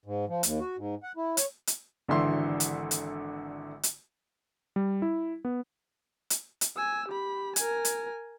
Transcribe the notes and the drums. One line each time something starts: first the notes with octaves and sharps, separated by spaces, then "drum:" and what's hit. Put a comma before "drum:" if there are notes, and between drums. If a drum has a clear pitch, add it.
G#2
F3
D#2, drum: hi-hat
F#4
G#2
F#5
E4
C#5, drum: hi-hat
drum: hi-hat
G#1 D3 E3 D4 E5 C6
drum: hi-hat
drum: hi-hat
drum: hi-hat
G3
E4
B3
drum: hi-hat
drum: hi-hat
G#5 E6
G4 B5
A#4 G#5, drum: hi-hat
drum: hi-hat